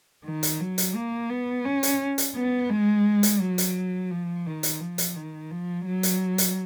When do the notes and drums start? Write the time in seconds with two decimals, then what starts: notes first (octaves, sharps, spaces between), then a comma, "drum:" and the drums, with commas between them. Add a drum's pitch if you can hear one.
0.25 D#3
0.43 drum: hi-hat
0.60 F#3
0.78 drum: hi-hat
0.95 A#3
1.30 B3
1.65 C#4
1.83 drum: hi-hat
2.18 drum: hi-hat
2.36 B3
2.70 G#3
3.23 drum: hi-hat
3.40 F#3
3.58 drum: hi-hat
4.11 F3
4.46 D#3
4.63 drum: hi-hat
4.80 F3
4.98 drum: hi-hat
5.15 D#3
5.51 F3
5.85 F#3
6.03 drum: hi-hat
6.38 drum: hi-hat